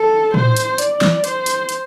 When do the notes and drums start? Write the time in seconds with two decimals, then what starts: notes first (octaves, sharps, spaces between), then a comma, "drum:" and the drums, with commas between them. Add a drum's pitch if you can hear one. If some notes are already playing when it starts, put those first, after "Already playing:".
Already playing: A4
0.34 C5, drum: tom
0.56 drum: hi-hat
0.78 D5, drum: hi-hat
1.01 drum: snare
1.24 C5, drum: hi-hat
1.46 drum: hi-hat
1.69 drum: hi-hat